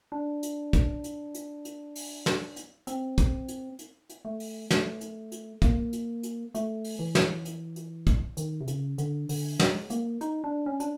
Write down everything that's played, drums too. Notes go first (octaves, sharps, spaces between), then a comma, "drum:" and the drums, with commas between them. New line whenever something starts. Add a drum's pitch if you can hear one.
D4
drum: hi-hat
drum: kick, hi-hat
drum: hi-hat
drum: hi-hat
drum: hi-hat
drum: open hi-hat
drum: snare
drum: hi-hat
C4, drum: hi-hat
drum: kick, hi-hat
drum: hi-hat
drum: hi-hat
drum: hi-hat
A3
drum: open hi-hat
A3, drum: snare
drum: hi-hat
drum: hi-hat
A#3, drum: kick, hi-hat
drum: hi-hat
drum: hi-hat
A3, drum: hi-hat
drum: open hi-hat
E3
drum: snare
drum: hi-hat
drum: hi-hat
drum: kick, hi-hat
D#3, drum: hi-hat
C3
C#3, drum: hi-hat
D3, drum: hi-hat
D3, drum: open hi-hat
G#3, drum: snare
A#3, drum: hi-hat
D#4, drum: hi-hat
D4
C#4
D4, drum: hi-hat